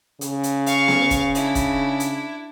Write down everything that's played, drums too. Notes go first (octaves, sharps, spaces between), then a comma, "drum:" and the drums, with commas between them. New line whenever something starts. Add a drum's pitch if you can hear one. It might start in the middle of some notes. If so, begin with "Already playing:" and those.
C#3, drum: hi-hat
drum: hi-hat
F5 C#6, drum: hi-hat
drum: snare B3
drum: kick, hi-hat
D4 E4, drum: hi-hat
drum: kick, hi-hat
drum: hi-hat